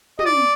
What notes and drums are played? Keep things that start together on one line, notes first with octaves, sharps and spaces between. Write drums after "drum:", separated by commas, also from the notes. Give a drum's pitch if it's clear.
D#5, drum: tom
D5